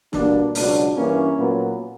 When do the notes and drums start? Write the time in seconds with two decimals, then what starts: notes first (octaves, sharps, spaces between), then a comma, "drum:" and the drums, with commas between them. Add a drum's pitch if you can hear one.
0.13 B2 G3 A#3 D4, drum: snare
0.55 C#2 B2 F#3 D4, drum: open hi-hat
0.96 G2 E3 A#3 C#4
1.39 A#2 F#3 B3